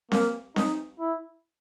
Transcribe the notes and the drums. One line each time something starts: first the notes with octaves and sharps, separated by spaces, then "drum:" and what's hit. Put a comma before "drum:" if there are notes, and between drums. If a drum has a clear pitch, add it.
A#3, drum: snare C4
D#4, drum: snare C4
E4